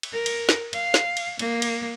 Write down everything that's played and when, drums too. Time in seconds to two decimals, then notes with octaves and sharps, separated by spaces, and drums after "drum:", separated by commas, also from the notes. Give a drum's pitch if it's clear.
0.03 drum: cymbal
0.12 A#4
0.26 drum: cymbal
0.49 drum: snare
0.73 F5, drum: cymbal
0.94 drum: snare
1.17 drum: cymbal
1.39 A#3, drum: cymbal
1.62 drum: cymbal